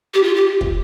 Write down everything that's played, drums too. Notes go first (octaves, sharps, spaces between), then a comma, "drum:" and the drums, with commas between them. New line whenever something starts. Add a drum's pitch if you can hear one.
G4
F4
G4
drum: kick